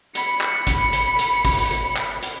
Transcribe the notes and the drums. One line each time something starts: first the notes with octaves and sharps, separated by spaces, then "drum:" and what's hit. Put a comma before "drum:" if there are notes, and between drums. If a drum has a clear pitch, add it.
B5 C#7, drum: hi-hat
drum: clap
drum: kick, hi-hat
drum: hi-hat
drum: hi-hat
drum: kick, open hi-hat
drum: hi-hat
drum: clap
drum: hi-hat